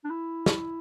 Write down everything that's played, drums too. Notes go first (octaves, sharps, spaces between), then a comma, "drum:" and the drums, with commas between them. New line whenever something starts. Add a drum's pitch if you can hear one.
D4
E4
drum: snare